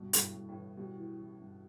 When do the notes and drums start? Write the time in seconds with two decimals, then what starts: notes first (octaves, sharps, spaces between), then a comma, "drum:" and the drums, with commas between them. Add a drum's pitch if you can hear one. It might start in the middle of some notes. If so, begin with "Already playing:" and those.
Already playing: G2 B2
0.13 G2, drum: hi-hat
0.20 A2
0.34 G2
0.49 A2
0.55 E3
0.77 B2 G3
0.97 E3
1.20 A1
1.41 G2